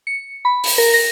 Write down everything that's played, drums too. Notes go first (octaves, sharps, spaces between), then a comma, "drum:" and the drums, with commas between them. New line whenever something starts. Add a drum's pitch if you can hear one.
C#7
B5
drum: open hi-hat
A#4
A#6